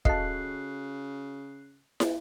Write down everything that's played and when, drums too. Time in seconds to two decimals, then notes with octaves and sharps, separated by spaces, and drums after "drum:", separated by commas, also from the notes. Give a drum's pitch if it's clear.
0.05 C#3 F#4 A4 D#5 F5 A5 F#6 C7, drum: kick
2.00 drum: snare